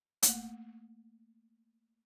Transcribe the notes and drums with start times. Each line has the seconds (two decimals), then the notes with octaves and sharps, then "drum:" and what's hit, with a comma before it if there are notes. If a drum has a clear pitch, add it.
0.23 A3 A#3, drum: hi-hat